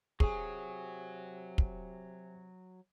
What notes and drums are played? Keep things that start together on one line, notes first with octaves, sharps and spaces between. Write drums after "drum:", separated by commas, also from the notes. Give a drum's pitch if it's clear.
C3 F#3 G#4 G#5 C#6, drum: kick
drum: kick